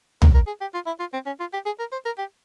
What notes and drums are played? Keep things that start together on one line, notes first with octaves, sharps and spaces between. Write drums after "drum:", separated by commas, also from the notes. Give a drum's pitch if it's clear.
A#4, drum: tom B1
A#4
G#4
G4
F4
E4
F4
C4
C#4
F4
G4
G#4
A#4
C5
A#4
G4